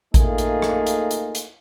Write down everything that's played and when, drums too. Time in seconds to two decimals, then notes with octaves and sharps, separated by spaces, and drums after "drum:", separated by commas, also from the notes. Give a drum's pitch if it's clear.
0.14 A3 A#3 D#4 F4 G#4, drum: kick A1, hi-hat
0.38 drum: hi-hat
0.62 drum: rim click
0.87 drum: hi-hat
1.11 drum: hi-hat
1.35 drum: hi-hat